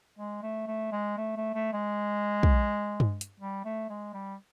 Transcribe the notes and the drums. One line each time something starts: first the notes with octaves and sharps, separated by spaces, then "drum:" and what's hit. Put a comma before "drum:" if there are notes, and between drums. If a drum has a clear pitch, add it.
G#3
A3
A3
G#3
A3
A3
A3
G#3
drum: kick
drum: tom G2
drum: hi-hat
G3
A3
G#3
G3